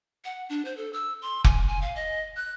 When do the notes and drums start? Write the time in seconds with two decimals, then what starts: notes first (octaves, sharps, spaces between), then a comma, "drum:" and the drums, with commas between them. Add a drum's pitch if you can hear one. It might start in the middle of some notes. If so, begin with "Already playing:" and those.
0.25 F#5
0.49 D4
0.65 C5
0.77 A4
0.93 E6
1.22 C6
1.44 G#5, drum: kick F1
1.68 G#5
1.82 F5
1.96 D#5
2.36 F#6